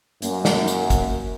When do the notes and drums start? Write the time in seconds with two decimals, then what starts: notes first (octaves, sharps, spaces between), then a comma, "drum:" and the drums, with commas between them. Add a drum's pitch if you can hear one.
0.22 F#2 A#3, drum: hi-hat
0.45 drum: snare
0.68 drum: hi-hat
0.90 drum: kick, hi-hat